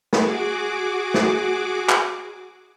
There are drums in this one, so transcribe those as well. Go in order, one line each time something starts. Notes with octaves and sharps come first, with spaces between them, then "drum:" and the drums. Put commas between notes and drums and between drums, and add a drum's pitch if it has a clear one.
F#4 G#4 D6, drum: snare
drum: snare
drum: clap